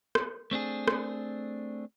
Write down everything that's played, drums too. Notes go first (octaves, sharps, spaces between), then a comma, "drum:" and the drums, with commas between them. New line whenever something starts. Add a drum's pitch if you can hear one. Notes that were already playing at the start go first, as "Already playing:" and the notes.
drum: rim click
A3 C4 D4 G#4
drum: rim click